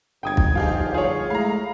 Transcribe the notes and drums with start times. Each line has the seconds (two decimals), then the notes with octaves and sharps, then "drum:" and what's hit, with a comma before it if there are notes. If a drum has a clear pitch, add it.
0.23 G1 G5 D#6 G#6
0.37 drum: kick
0.55 F3 D#4 F4 G4 G#4
0.94 F4 G#4 C#5
1.30 G#3 A3 E4 F5 A#5 B5